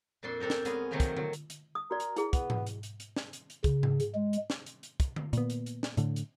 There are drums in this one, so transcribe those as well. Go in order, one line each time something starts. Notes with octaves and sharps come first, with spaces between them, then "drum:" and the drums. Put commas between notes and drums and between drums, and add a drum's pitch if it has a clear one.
F2 A#2 D4 A4 C6
C4 D4 A4 A#4 C5
drum: snare
G#3 B3 C#4 G#4 A#4, drum: hi-hat
C3 D#3 F3 F#3 A3 A#3
drum: kick, hi-hat
F#3, drum: tom D3
drum: hi-hat
drum: hi-hat
D#6
F#4 A#4 D5
drum: hi-hat
E4 G#4, drum: hi-hat
B3, drum: kick, hi-hat
drum: tom G#2
drum: hi-hat
drum: hi-hat
drum: hi-hat
drum: snare
drum: hi-hat
drum: hi-hat
C#3, drum: kick, hi-hat
drum: tom G#2
drum: hi-hat
G#3
drum: hi-hat
drum: snare
drum: hi-hat
drum: hi-hat
drum: kick, hi-hat
drum: tom D3
A#2 B3, drum: hi-hat
drum: hi-hat
drum: hi-hat
drum: snare
A2 D3, drum: hi-hat
drum: hi-hat